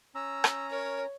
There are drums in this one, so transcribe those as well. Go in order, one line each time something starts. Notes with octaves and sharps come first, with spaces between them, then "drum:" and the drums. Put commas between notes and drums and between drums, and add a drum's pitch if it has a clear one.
C#4 A#5 E6
drum: rim click
A#4 C#5